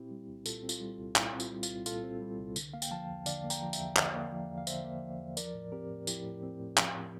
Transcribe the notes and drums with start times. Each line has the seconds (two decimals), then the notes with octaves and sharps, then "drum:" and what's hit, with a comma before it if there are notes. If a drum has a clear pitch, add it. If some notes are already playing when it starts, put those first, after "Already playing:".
Already playing: A#2 C4 E4 G4
0.11 G3
0.28 C2
0.46 A#2 F4 A4, drum: tambourine
0.63 C4
0.69 F4, drum: tambourine
0.81 G3
0.98 C2
1.16 A#2 E4, drum: clap
1.34 C4
1.40 F4, drum: tambourine
1.51 G3
1.63 F4, drum: tambourine
1.69 C2
1.86 A#2 F4 A4, drum: tambourine
2.03 C4
2.21 G3
2.39 C2
2.56 D3, drum: tambourine
2.74 A#3 F5
2.82 G5, drum: tambourine
2.91 F3 F5 A5
3.09 E2
3.26 D3 D5 F5, drum: tambourine
3.44 A#3
3.50 G5 A#5, drum: tambourine
3.62 F3
3.73 E5 G5, drum: tambourine
3.79 E2
3.96 D3 D5 F5, drum: clap
4.14 A#3
4.32 F3
4.49 E2
4.58 F5
4.67 D3 C5 E5, drum: tambourine
4.85 A#3
5.02 F3
5.19 E2
5.37 F3 A#4 D5, drum: tambourine
5.55 A2
5.72 C4 G4 A#4
5.89 A2
6.07 F3 E4 G4, drum: tambourine
6.25 A2
6.42 C4
6.60 A2
6.77 F3, drum: clap
6.95 A2